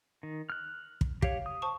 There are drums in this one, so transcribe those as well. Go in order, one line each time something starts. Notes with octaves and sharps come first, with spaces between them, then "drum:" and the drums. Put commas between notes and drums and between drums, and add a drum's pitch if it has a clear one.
D#3
F6 F#6
drum: kick
G4 C#5 F5, drum: kick
D#6
C5 A5 C#6